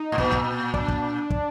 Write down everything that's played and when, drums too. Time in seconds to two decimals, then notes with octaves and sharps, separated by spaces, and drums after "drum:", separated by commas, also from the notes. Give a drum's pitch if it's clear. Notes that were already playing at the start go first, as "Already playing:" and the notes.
Already playing: D#4
0.12 A2
0.18 A#2, drum: kick
0.32 drum: kick
0.74 D4, drum: kick
0.88 drum: kick
1.30 drum: kick